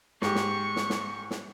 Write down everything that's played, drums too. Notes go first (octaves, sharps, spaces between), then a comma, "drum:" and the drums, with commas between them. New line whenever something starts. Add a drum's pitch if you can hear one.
G#2 G4 C#6, drum: snare
drum: snare
drum: snare
drum: snare
drum: snare